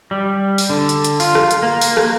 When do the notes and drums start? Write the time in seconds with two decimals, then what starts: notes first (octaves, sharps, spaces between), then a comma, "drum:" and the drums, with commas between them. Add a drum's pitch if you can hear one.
0.11 G3
0.58 drum: open hi-hat
0.70 D3
0.89 drum: hi-hat
1.04 drum: hi-hat
1.20 F4, drum: open hi-hat
1.35 drum: rim click
1.51 drum: hi-hat
1.63 A#3
1.81 drum: open hi-hat
1.97 drum: rim click